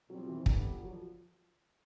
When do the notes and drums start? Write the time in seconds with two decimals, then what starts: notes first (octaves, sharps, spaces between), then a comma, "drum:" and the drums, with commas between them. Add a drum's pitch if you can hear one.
0.10 B2 F#3 G3 C4
0.18 F3
0.28 E3
0.37 D#3
0.46 A#2 D3 G3 B3 D4, drum: kick
0.58 D3
0.72 F3
0.83 F#3
0.93 F3